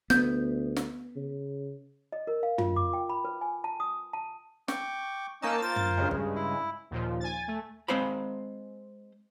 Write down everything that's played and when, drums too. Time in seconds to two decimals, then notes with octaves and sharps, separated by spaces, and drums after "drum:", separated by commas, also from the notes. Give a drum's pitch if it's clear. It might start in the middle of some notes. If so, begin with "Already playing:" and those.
0.10 D2 B3 G6, drum: snare
0.76 drum: snare
1.16 C#3
2.12 D#5
2.27 A#4
2.43 F5
2.58 F4, drum: tom
2.76 D6
2.93 G5
3.09 B5
3.25 B4
3.41 G#5
3.64 A5
3.80 D#6
4.13 A5
4.68 G5 C#6 D6, drum: snare
5.42 A#3 C#4 D#4 D#5 A5 E6
5.62 F4 A#4 C5 A6
5.76 drum: tom
5.97 G2 C#3 G#3
6.11 drum: kick
6.36 E4
6.91 D#2 A#2 F3
7.20 G#5 A6
7.48 A3
7.88 G#3 C4 C5 F5 B5